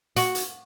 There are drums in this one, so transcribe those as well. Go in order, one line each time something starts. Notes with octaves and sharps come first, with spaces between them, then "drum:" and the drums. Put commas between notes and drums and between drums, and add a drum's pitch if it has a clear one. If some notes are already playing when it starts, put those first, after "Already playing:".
F#4, drum: hi-hat
drum: hi-hat